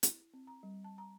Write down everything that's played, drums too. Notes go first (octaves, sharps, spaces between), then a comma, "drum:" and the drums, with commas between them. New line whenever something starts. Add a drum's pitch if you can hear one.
E4, drum: hi-hat
C4
A#5
G3
A5
A#5